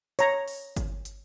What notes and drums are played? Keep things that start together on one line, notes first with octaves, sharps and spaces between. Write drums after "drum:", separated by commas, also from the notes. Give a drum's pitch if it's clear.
C#5 A#5, drum: hi-hat
drum: open hi-hat
drum: kick G1, hi-hat
drum: hi-hat